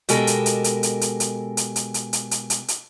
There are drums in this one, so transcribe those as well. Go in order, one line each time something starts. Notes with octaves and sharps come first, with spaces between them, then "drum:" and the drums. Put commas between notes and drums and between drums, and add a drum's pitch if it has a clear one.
B2 G#3 G4 A4 A#4, drum: hi-hat
drum: hi-hat
drum: hi-hat
drum: hi-hat
drum: hi-hat
drum: hi-hat
drum: hi-hat
drum: hi-hat
drum: hi-hat
drum: hi-hat
drum: hi-hat
drum: hi-hat
drum: hi-hat
drum: hi-hat